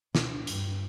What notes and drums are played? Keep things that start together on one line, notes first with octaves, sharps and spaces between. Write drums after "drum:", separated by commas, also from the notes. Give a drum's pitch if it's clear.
B2, drum: snare
G2, drum: hi-hat